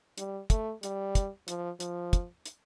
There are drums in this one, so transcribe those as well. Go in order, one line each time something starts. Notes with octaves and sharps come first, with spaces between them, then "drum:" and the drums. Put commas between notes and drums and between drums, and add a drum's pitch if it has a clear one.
G3, drum: hi-hat
A3, drum: kick, hi-hat
G3, drum: hi-hat
drum: kick, hi-hat
F3, drum: hi-hat
F3, drum: hi-hat
drum: kick, hi-hat
drum: hi-hat